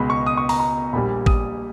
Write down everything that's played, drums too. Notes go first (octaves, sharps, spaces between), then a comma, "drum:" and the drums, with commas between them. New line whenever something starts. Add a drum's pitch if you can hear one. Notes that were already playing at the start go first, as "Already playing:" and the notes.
Already playing: C#2 B2 G#3 B5
C#6
D#6
C#6
A#5, drum: open hi-hat
A#5
A#1 A#2 G3 B5
D#6, drum: kick